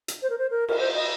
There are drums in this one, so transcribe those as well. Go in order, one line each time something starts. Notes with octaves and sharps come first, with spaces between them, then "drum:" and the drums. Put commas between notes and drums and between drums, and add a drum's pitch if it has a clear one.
drum: hi-hat
C5
A#4
C5
A#4
A#4, drum: cymbal
C5
D#5